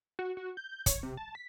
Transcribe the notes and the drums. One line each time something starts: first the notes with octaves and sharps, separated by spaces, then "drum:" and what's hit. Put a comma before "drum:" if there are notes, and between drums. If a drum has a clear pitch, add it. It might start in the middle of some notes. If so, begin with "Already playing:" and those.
F#4
F#4
G6
C#5, drum: kick, hi-hat
C3
A5
B6